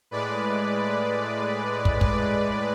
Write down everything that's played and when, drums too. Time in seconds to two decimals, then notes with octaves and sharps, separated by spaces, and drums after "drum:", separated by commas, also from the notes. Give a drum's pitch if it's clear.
0.11 A2 G#3 B4 D5
1.85 drum: kick
2.01 B4 D5, drum: kick